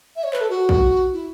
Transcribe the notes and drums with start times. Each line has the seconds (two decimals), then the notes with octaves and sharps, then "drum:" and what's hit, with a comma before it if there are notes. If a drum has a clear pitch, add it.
0.16 E5
0.24 C#5
0.33 B4, drum: clap
0.41 A4
0.50 F#4
0.69 drum: kick A#1
1.13 E4